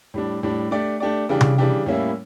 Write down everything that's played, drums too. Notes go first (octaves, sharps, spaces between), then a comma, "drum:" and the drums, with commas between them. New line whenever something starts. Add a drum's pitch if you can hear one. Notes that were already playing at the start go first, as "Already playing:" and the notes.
A2 G3 D4
A2 G3 D4
A3 D4 G4 D5
A3 D4 G4 D5
C#3 E3 G3 D4 G4
drum: tom C3
C#3 E3 G3 D4 G4
A2 G3 A#3 C#4 E4